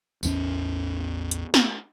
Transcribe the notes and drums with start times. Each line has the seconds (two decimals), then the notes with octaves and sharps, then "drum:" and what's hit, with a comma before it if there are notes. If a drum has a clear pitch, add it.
0.23 A1 E2 C4 C#4, drum: tambourine
1.31 drum: hi-hat
1.54 drum: snare